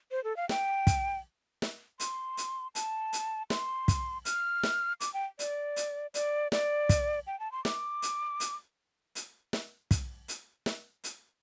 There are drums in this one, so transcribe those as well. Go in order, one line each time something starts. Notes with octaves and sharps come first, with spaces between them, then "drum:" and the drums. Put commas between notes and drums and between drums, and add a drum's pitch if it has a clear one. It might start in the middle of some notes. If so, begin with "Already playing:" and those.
C5
A4
F5
G5, drum: snare
drum: kick, hi-hat
drum: snare
C6, drum: hi-hat
drum: hi-hat
A5, drum: hi-hat
drum: hi-hat
C6, drum: snare
drum: kick, hi-hat
F6, drum: hi-hat
drum: snare
D6, drum: hi-hat
G5
D5, drum: hi-hat
drum: hi-hat
D5, drum: hi-hat
D5, drum: snare
drum: kick, hi-hat
G5
A5
C6
D6, drum: snare
drum: hi-hat
drum: hi-hat
drum: hi-hat
drum: snare
drum: kick, hi-hat
drum: hi-hat
drum: snare
drum: hi-hat